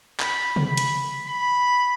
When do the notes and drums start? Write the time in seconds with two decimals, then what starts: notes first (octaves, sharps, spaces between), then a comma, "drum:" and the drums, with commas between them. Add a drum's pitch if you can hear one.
0.20 B5, drum: clap
0.56 drum: tom C3
0.66 B5
0.77 drum: hi-hat
1.27 B5